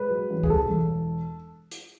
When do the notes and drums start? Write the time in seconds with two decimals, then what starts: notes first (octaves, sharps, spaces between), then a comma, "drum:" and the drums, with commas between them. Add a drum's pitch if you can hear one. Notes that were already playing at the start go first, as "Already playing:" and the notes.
Already playing: G#3 B4
0.10 F#3
0.30 A1
0.43 G#4, drum: kick C#2
0.50 E1 A4
0.70 E1
1.71 drum: hi-hat